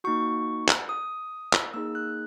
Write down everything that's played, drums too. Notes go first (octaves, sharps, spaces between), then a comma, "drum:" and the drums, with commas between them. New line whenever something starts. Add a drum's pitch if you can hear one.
A#3 D#4 F#4 C#6
drum: clap
D#6
drum: clap
A#3 D#4 G#4 E6
F#6